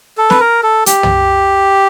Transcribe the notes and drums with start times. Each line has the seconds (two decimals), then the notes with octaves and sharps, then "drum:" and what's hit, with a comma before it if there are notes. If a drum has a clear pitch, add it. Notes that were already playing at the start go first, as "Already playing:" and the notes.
0.18 A4
0.30 B4, drum: snare
0.40 A#4
0.63 A4
0.86 G4, drum: hi-hat
1.03 drum: tom